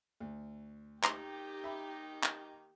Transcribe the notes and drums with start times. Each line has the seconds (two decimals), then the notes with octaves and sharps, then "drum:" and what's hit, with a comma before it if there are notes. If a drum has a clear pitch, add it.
0.20 D2
1.03 D#3 A#3 D#4 G4 A#5 C6, drum: clap
1.64 E5 B5
2.23 drum: clap